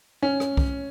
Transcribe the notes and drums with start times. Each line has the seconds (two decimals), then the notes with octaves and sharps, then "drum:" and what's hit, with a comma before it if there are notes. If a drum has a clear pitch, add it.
0.23 C#4
0.40 drum: rim click
0.57 drum: kick B1